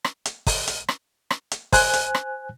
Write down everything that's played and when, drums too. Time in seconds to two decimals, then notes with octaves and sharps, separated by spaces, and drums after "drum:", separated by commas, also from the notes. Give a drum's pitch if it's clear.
0.05 drum: rim click
0.26 drum: hi-hat
0.47 drum: kick, open hi-hat
0.68 drum: hi-hat
0.89 drum: rim click
1.31 drum: rim click
1.52 drum: hi-hat
1.73 C5 G#5 F#6, drum: kick, open hi-hat
1.94 drum: hi-hat
2.15 drum: rim click